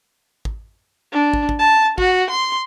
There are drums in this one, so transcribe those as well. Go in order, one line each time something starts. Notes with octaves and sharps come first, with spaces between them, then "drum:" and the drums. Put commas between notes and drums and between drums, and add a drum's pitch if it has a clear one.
drum: kick
D4
drum: kick
drum: kick
A5
F#4, drum: kick
C6